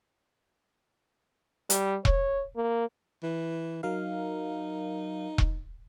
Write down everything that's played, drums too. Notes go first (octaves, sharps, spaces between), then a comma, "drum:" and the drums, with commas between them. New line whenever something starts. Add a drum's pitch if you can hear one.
G3, drum: hi-hat
C#5, drum: kick E1
A#3
E3
F#3 D#4 A#4 F5
drum: kick E1